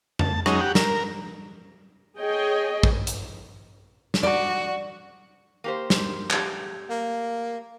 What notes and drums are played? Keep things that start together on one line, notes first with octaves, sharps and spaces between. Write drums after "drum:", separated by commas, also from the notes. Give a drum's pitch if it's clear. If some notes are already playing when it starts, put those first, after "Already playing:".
A5, drum: tom F2
F#3 G#3 C#4 D#4, drum: rim click
G4 F#5
A#4, drum: snare
G#4 C#5 D#5 G5
drum: kick
drum: hi-hat
drum: snare
F#4 D5
A#3 G4 C5
drum: snare
A3 G4, drum: clap
A#3